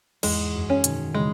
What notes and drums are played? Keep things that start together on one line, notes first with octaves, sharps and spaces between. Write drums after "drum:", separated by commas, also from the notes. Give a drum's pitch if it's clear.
E2 G#2 G#3, drum: cymbal
F#2
C#4
B2 D#3, drum: hi-hat
C#3 E3 G#3